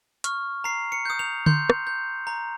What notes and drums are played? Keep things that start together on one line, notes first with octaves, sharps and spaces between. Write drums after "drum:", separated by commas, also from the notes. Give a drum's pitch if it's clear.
C#6 F6, drum: hi-hat
A#5 C7
C#7
D#6 G6
F7
C6 G6, drum: tom D3
drum: rim click
G6
A#5